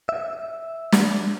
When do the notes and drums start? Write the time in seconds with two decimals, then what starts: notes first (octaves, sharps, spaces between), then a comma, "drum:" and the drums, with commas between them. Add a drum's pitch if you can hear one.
0.09 E5
0.92 drum: snare